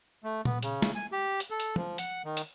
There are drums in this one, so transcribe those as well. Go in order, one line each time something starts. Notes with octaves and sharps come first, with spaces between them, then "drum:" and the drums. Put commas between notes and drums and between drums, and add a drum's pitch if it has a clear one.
A3
B3, drum: tom A#2
C#3, drum: hi-hat
drum: snare
G#5
G4
drum: hi-hat
A4
drum: hi-hat
F3, drum: tom
F#5, drum: hi-hat
D#3
drum: hi-hat